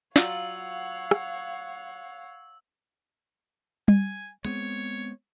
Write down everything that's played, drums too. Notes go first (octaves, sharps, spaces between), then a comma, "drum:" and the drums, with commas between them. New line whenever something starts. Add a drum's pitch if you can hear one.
F#3 F4 C#5 D5 F5 F#5 E6, drum: snare
drum: rim click
G#5, drum: tom G3
G#3 B3 C4 C#5, drum: hi-hat